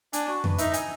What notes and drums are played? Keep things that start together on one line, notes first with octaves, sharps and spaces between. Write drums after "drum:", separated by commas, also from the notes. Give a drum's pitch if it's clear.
D4 G#5, drum: hi-hat
F#4
B4, drum: tom F2
D#4 E5, drum: hi-hat
G#5, drum: hi-hat